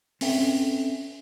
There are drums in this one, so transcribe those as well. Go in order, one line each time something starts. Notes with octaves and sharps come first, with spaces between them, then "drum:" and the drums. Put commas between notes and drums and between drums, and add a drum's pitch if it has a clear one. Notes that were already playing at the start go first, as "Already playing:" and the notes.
C4 C#4 A4 E5 G5, drum: open hi-hat